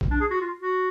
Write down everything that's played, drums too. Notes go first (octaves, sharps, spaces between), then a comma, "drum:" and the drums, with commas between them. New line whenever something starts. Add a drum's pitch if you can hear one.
drum: kick B1
D4
G#4
F#4
F4
F#4